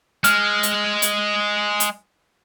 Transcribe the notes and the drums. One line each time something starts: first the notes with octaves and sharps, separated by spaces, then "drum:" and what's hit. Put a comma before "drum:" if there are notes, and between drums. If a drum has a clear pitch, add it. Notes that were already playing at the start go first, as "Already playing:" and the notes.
G#3 F6, drum: hi-hat
drum: hi-hat
drum: hi-hat
drum: hi-hat